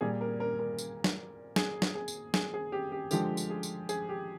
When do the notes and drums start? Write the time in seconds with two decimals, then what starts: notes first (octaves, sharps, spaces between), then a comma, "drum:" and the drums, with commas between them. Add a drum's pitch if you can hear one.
0.01 A#2 G3 G#4
0.21 A#4
0.40 A#4
0.59 A#4
0.78 drum: tambourine
1.04 drum: snare
1.56 G#4, drum: snare
1.82 drum: snare
1.95 G#4
2.08 drum: tambourine
2.34 G#4, drum: snare
2.54 G#4
2.72 G4
2.92 G4
3.11 D3 F3 G#3 G4, drum: tambourine
3.37 drum: tambourine
3.50 G#4
3.63 drum: tambourine
3.89 G#4, drum: tambourine
4.09 G4